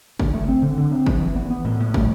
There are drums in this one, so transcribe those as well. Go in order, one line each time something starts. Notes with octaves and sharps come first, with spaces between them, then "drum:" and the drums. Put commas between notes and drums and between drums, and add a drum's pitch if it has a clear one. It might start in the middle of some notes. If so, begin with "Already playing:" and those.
D3, drum: kick
A3
C4
D3
D3
C4
E3, drum: kick
E3
B3
B3
A2
A2
G3, drum: kick